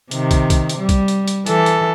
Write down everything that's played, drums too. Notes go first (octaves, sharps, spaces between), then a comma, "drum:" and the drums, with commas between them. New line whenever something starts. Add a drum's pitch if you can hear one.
C3 D#3, drum: hi-hat
drum: kick, hi-hat
drum: kick, hi-hat
drum: hi-hat
G3
drum: kick, hi-hat
drum: hi-hat
drum: hi-hat
E3 A4, drum: hi-hat
drum: hi-hat